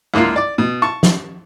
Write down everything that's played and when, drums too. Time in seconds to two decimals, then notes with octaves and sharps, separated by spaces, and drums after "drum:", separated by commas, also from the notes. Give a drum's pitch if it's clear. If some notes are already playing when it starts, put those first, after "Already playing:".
0.14 C#2 D3 A#3 E4 F4
0.36 D5 D6
0.58 B2
0.82 A5 C#6
1.03 drum: snare